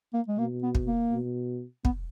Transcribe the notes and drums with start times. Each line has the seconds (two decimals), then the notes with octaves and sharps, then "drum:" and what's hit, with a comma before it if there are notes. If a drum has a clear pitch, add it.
0.14 A#3
0.28 G#3
0.38 B2 A#3
0.63 B3
0.75 drum: kick
0.87 A#3
1.12 B2
1.85 B3, drum: kick